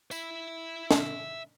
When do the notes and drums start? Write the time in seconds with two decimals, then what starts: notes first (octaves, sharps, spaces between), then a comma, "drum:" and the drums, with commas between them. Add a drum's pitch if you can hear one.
0.11 E5 B5, drum: tambourine
0.91 drum: snare